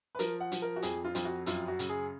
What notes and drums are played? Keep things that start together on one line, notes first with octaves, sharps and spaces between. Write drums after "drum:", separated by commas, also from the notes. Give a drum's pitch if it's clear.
B4
F3 A#4, drum: hi-hat
F#5
F3, drum: hi-hat
A#4
F#4
F2 G#4, drum: hi-hat
F4
F2 F4, drum: hi-hat
F#4
F#2 F4, drum: hi-hat
F#4
C#3, drum: hi-hat
G#4